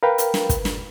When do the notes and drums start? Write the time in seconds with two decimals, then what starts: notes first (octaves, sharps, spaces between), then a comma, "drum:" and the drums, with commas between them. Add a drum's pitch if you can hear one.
0.03 A#4 B4 F5 G5 B5
0.18 drum: hi-hat
0.34 drum: snare
0.49 drum: kick, hi-hat
0.65 drum: snare